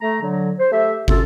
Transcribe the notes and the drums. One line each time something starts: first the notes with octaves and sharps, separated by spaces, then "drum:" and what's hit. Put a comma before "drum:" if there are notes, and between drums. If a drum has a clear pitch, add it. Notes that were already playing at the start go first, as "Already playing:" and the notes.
A3 A#5
D3 F#3
C5
A3 G4 E5
F#2 C3 F4 A4, drum: kick